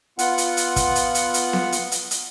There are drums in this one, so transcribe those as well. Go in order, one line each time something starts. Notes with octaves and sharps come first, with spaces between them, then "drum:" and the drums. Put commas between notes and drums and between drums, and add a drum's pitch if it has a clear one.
B3 F4 F#5, drum: hi-hat
drum: hi-hat
drum: hi-hat
drum: kick, hi-hat
drum: hi-hat
drum: hi-hat
drum: hi-hat
drum: snare B3
drum: hi-hat
drum: hi-hat
drum: hi-hat